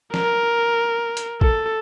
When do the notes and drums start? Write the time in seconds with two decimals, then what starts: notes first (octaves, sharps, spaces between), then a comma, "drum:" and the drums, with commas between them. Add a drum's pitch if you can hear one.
0.14 A#4, drum: snare
1.17 drum: hi-hat
1.41 A4, drum: kick